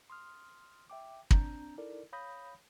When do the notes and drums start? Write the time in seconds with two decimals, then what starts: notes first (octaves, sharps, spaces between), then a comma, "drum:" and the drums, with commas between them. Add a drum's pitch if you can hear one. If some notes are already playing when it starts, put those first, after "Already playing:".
0.10 C6 D#6 F6
0.90 E5 G5 D6
1.31 C4 D4 A#5 G6, drum: kick
1.78 D#4 E4 A4 A#4 D5
2.13 C#5 F5 B5 D#6 G6 A#6